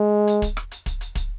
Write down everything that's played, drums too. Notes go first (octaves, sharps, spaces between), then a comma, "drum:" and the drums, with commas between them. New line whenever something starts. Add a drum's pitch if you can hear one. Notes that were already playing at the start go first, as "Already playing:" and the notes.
Already playing: G#3
drum: hi-hat
drum: kick, hi-hat
drum: rim click
drum: hi-hat
drum: kick, hi-hat
drum: hi-hat
drum: kick, hi-hat